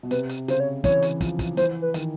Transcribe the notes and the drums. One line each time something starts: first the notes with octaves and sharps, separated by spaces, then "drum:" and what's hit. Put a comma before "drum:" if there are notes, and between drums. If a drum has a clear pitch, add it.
B2
C3 B4, drum: hi-hat
drum: hi-hat
C#3 C5, drum: hi-hat
C#5
E3 C#5, drum: kick, hi-hat
drum: hi-hat
F3, drum: kick, hi-hat
drum: kick, hi-hat
E3 C5, drum: hi-hat
B4
D#3, drum: hi-hat